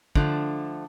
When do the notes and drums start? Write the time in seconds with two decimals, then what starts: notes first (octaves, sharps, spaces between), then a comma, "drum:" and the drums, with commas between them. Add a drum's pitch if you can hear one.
0.16 D3 F3 A3, drum: kick